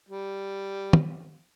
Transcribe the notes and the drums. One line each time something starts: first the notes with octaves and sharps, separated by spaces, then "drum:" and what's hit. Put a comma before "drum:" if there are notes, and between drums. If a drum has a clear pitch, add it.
G3
drum: tom